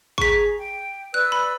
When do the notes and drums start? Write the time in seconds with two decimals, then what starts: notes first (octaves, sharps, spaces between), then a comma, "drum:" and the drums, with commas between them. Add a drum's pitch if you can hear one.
0.18 G#4 A#5 C#6 B6, drum: kick G#1
0.58 G5
1.14 B4 D5 E6 F#6
1.32 B5